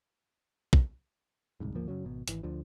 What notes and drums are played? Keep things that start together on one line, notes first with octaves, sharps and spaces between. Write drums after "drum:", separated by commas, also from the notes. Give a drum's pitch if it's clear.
drum: kick
D1 C2 G#2
G#1 D2 F3 A#3
F#2 C#3 F#3
G#1 B2
G#1 E3, drum: hi-hat
D2 D3 F3